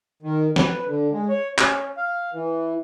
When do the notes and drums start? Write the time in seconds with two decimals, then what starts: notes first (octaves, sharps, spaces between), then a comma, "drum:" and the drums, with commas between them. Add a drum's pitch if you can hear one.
0.22 D#3
0.56 B4, drum: snare
0.86 D3
1.12 G#3
1.29 C#5
1.58 C#4, drum: clap
1.97 F5
2.33 E3